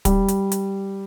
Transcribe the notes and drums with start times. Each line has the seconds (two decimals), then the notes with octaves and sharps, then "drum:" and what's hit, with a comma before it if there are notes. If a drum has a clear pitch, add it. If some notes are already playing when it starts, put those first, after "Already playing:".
0.05 G3, drum: kick, hi-hat
0.28 drum: hi-hat
0.52 drum: hi-hat